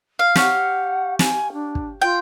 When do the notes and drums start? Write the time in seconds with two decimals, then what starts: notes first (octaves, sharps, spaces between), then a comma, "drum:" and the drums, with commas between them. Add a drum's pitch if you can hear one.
0.19 F5
0.35 G4 C#5 F5 F#5, drum: snare
1.19 G#5, drum: snare
1.53 D4
1.75 drum: kick
2.02 F4 G5